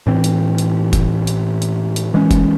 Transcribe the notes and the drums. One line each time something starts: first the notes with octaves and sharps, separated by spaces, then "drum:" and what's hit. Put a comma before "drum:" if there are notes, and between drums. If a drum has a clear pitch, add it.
A2 E3 C4
drum: hi-hat
drum: hi-hat
drum: kick F1, hi-hat
drum: hi-hat
drum: hi-hat
drum: hi-hat
E3 G#3 C#4
drum: kick F1, hi-hat